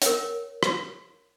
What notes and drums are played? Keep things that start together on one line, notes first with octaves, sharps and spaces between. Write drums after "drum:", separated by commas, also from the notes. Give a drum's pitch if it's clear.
A#4 C#5, drum: hi-hat
drum: rim click